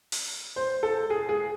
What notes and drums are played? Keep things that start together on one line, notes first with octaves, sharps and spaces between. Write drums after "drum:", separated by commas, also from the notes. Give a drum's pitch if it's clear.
drum: open hi-hat
C5
A4
G#4
G#4